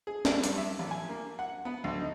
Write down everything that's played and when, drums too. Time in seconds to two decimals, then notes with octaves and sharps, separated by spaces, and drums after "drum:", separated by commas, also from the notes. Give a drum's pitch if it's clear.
0.07 G#4
0.25 G3, drum: snare
0.44 G2, drum: hi-hat
0.57 E5
0.79 A1
0.91 G#5
1.09 A#3
1.39 F#5
1.65 B3
1.84 D2
2.00 D#4